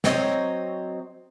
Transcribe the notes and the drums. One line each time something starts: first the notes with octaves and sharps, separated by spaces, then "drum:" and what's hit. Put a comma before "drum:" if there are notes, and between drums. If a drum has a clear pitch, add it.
F#3 C4 C#5 D#5, drum: snare